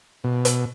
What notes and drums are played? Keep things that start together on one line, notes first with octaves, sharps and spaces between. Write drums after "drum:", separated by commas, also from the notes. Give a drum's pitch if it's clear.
B2
drum: hi-hat